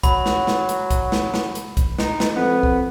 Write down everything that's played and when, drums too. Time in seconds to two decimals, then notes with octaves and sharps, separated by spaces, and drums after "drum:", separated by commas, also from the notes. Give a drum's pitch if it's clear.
0.03 F#3 B5, drum: kick, hi-hat
0.26 drum: snare
0.47 drum: snare
0.69 drum: hi-hat
0.90 drum: kick, hi-hat
1.12 drum: snare
1.34 drum: snare
1.55 drum: hi-hat
1.77 drum: kick, hi-hat
1.98 D#4, drum: snare
2.20 drum: snare
2.36 F2 B3
2.63 drum: kick